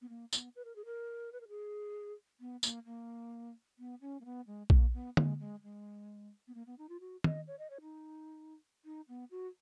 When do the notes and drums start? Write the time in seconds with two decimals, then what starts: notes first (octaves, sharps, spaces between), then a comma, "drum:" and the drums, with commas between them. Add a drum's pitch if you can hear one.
0.02 B3
0.09 A#3
0.33 B3, drum: tambourine
0.56 B4
0.65 A#4
0.76 G#4
0.85 A#4
1.33 B4
1.41 A#4
1.48 G#4
2.40 B3
2.63 A#3, drum: tambourine
2.85 A#3
3.79 B3
4.01 C#4
4.21 A#3
4.25 B3
4.47 G#3
4.70 A#3, drum: kick A#1
4.94 B3
5.17 G#3, drum: tom D3
5.40 G#3
5.63 G#3
6.48 B3
6.55 A#3
6.67 B3
6.78 D#4
6.89 F4
7.00 F#4
7.24 D#5, drum: tom
7.47 C#5
7.59 D#5
7.70 C#5
7.81 D#4
8.85 D#4
9.08 B3
9.31 F#4